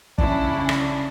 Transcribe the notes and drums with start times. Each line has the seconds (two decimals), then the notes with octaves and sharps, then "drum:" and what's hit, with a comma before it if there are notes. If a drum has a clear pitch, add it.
0.18 C#3 C#4 D4 E4, drum: kick
0.69 drum: rim click